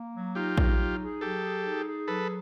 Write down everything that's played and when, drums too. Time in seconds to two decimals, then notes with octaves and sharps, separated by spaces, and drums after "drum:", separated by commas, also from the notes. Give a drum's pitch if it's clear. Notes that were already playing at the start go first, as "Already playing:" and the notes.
Already playing: A#3
0.14 F#3
0.35 D#4 F4 G4
0.58 F#3, drum: kick A#1
0.78 D#4
1.00 G#4
1.21 F#3 G4 A4
1.43 G#4
1.65 D#4
1.86 G#4
2.08 F#3 A4 B4